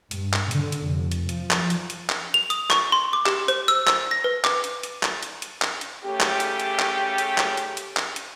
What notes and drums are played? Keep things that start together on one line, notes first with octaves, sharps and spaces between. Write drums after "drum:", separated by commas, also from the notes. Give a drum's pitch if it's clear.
G2, drum: hi-hat
drum: clap
D3, drum: hi-hat
drum: hi-hat
F1
drum: hi-hat
F3, drum: hi-hat
drum: clap
drum: hi-hat
drum: hi-hat
drum: clap
F7
D#6, drum: hi-hat
C#6, drum: clap
C6
D6
G4, drum: clap
C5, drum: hi-hat
E6, drum: hi-hat
E6, drum: clap
A#6
B4
D6, drum: clap
drum: hi-hat
drum: hi-hat
drum: clap
drum: hi-hat
drum: hi-hat
drum: clap
drum: hi-hat
C#3 A3 C#4 G4
drum: clap
drum: hi-hat
drum: hi-hat
drum: clap
drum: hi-hat
drum: clap
drum: hi-hat
drum: hi-hat
drum: clap
drum: hi-hat